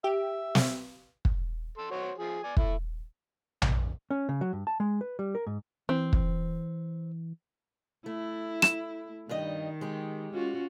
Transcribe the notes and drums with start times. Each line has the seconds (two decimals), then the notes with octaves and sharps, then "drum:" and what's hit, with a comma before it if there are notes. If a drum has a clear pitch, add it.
0.04 G4 E5
0.55 drum: snare
1.25 drum: kick
1.78 A4 C6
1.91 F#4 C5 C#5
2.18 F3 G#4
2.43 D5 G#5
2.57 A3 E4, drum: kick
3.62 drum: tom A#1
4.11 C#4
4.29 C#3
4.41 F#3
4.53 G2
4.67 A5
4.80 G#3
5.01 B4
5.19 G3
5.35 A#4
5.47 G#2
5.89 E3 C4
6.13 drum: kick
8.06 A3 E4
8.62 E7, drum: rim click
9.29 G2 D#3 G3 D#5
9.81 G#3 G4
10.34 C#4 F4 F#4